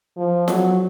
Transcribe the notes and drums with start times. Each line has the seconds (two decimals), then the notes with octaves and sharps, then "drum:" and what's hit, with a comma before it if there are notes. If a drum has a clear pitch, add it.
0.17 F3
0.48 F#3, drum: snare